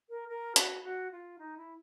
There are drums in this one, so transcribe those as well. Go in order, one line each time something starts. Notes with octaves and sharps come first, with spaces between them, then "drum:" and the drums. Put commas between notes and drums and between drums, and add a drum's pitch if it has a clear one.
A#4
A#4
F#4, drum: hi-hat
F#4
F4
D#4
E4